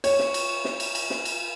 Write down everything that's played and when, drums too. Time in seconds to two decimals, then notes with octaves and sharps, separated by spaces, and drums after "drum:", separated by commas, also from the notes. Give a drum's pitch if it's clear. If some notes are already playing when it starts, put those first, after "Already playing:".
0.04 C#5, drum: cymbal
0.19 drum: snare
0.34 drum: cymbal
0.65 drum: snare
0.80 drum: cymbal
0.95 drum: cymbal
1.10 drum: snare
1.25 drum: cymbal